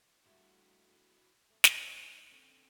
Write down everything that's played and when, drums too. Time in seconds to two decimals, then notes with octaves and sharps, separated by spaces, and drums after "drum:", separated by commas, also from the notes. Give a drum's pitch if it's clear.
0.26 D3 G3 A3 E4 F#4
1.50 A3
1.64 G#2 F3 G#5, drum: snare
2.32 D3 C4 C#4